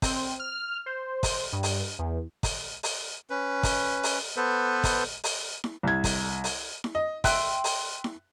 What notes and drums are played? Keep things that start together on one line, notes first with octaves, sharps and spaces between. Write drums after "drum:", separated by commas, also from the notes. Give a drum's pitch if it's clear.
C4, drum: kick, open hi-hat
F6
C5
drum: kick, open hi-hat
G2
drum: open hi-hat
E2
drum: kick, open hi-hat
drum: open hi-hat
C#4 B4
drum: kick, open hi-hat
drum: open hi-hat
B3 A4 B4 C5
drum: kick, open hi-hat
drum: open hi-hat
drum: snare E4
C2 G#6
drum: kick, open hi-hat
drum: open hi-hat
drum: snare E4
D#5
E5 G5 C6 E6 F#6, drum: kick, open hi-hat
drum: open hi-hat
drum: snare E4